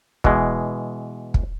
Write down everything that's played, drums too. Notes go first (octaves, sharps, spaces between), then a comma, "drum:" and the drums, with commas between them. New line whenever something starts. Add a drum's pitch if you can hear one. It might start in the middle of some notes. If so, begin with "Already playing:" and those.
B2 E3 G#3, drum: kick
drum: kick